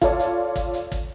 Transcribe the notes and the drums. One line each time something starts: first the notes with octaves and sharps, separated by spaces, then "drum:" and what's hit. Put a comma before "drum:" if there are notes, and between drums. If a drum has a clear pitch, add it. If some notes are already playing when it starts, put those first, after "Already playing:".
F4 A4 C#5 D5, drum: kick, hi-hat
drum: hi-hat
drum: kick, hi-hat
drum: hi-hat
drum: kick, hi-hat